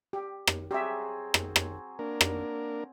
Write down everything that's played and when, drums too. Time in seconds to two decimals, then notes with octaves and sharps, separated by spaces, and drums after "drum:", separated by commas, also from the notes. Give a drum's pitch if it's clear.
0.13 G4
0.47 drum: rim click
0.71 F#3 C4 G4 G#4 E5
1.34 drum: rim click
1.56 drum: rim click
1.99 A#3 D4 A#4
2.21 drum: rim click